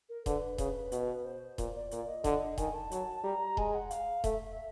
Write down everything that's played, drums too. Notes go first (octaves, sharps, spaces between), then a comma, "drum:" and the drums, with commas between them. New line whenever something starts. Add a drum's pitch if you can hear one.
A#4
D3 B4, drum: kick D#1, hi-hat
C#3, drum: kick D#1, hi-hat
B2, drum: hi-hat
C5
A#2, drum: kick D#1, hi-hat
D5
A#2 D5, drum: hi-hat
D#5
D3, drum: kick D#1, hi-hat
D#3 G#5, drum: kick D#1, hi-hat
A5
F#3, drum: hi-hat
G3 A#5
G#3 G#5, drum: kick D#1
F#5
F5, drum: hi-hat
A3 E5, drum: kick D#1, hi-hat